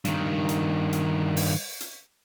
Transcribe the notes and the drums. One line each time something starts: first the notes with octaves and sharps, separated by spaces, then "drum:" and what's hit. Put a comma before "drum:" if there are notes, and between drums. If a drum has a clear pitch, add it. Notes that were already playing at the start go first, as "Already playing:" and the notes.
G2 D#3, drum: hi-hat
drum: hi-hat
drum: hi-hat
drum: open hi-hat
drum: hi-hat